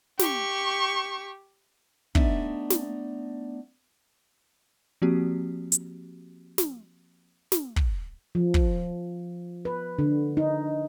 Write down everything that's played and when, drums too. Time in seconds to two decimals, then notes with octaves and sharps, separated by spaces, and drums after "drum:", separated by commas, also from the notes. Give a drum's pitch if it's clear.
0.19 G4 C#6, drum: snare
2.15 A3 B3 D4 D#4 D5 E5, drum: kick
2.70 drum: snare
5.02 F3 A#3 C4 F#4 G4
5.72 drum: hi-hat
6.58 drum: snare
7.52 drum: snare
7.76 drum: kick
8.35 F3
8.54 drum: kick
9.65 B4
9.99 D3
10.37 D#4